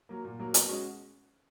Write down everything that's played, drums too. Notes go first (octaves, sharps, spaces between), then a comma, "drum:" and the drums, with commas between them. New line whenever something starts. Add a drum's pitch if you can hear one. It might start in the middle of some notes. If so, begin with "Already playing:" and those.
F#3 A#3
A#2
F#3 A#3
B2, drum: hi-hat
G#3 C#4 F#4